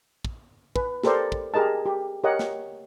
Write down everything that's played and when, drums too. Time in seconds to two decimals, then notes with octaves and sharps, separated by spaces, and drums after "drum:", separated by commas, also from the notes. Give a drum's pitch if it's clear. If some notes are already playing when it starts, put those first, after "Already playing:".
0.25 drum: kick
0.76 B4, drum: kick
1.04 G4 A4 A#4 C5 D5, drum: snare
1.32 drum: kick
1.54 G4 G#4 A#4 D#5 A5
1.86 G4
2.24 G4 A#4 C#5 D#5 F#5
2.39 drum: snare